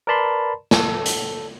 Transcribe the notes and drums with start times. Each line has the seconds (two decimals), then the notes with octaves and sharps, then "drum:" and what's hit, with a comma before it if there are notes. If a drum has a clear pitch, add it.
0.07 A#4 B4 D5 A5 B5 C6
0.71 A4, drum: snare
1.06 drum: hi-hat